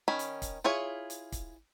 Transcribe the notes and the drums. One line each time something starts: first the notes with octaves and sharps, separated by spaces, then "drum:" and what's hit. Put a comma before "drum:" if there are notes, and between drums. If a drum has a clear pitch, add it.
D#3 C#4 B5
drum: hi-hat
drum: kick, hi-hat
E4 F4 G#4 C#5
drum: hi-hat
drum: kick, hi-hat